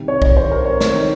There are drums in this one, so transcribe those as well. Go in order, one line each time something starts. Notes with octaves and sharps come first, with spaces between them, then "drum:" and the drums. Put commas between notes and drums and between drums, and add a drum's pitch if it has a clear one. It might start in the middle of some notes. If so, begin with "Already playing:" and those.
Already playing: C2 C3 D#3
C#5
C#5, drum: kick B1
C5
A#4
C#5
C#5, drum: snare
D#3 D#4